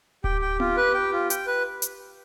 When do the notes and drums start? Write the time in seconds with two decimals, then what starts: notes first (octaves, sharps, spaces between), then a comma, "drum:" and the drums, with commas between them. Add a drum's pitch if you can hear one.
0.24 G4 G5, drum: kick D1
0.41 G5
0.60 F4, drum: tom B3
0.77 B4
0.95 G5
1.12 F4
1.30 G5, drum: hi-hat
1.47 B4
1.82 drum: hi-hat